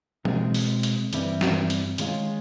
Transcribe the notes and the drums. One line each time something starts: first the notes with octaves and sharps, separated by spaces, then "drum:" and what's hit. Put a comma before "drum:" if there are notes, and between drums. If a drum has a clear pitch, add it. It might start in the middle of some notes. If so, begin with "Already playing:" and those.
B2 G#3 C4, drum: tom E3
drum: open hi-hat
drum: hi-hat
G2 E3 G3 C4 E4, drum: hi-hat
drum: snare
drum: hi-hat
D#3 G#3 C#4 F4, drum: hi-hat